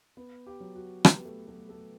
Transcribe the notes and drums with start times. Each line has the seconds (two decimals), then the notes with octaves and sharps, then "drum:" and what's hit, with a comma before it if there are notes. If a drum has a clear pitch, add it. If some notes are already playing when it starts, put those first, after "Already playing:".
0.17 B3
0.47 G4
0.60 F#3
0.75 F#4
1.05 B3 G4, drum: rim click
1.17 B4
1.25 A3 A4
1.47 F#3 A3 A4
1.69 A3 A4